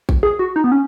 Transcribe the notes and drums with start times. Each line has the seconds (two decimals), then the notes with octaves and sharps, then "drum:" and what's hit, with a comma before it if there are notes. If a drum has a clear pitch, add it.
0.09 drum: kick A1
0.23 G#4
0.39 F#4
0.56 D#4
0.64 B3
0.72 C#4